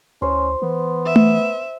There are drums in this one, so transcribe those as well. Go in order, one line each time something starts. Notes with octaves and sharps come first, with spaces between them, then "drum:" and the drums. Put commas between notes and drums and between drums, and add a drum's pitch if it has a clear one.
D2 C#4 C5
E3 B3
E5
drum: tom A3